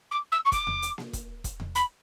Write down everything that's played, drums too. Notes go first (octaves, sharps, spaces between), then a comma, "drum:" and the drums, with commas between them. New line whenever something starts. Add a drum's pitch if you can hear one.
D6
E6
C#6
D6, drum: kick E1, hi-hat
drum: tom E2
drum: hi-hat
drum: snare A#3
drum: kick E1, hi-hat
drum: kick E1, hi-hat
drum: tom E2
B5, drum: hi-hat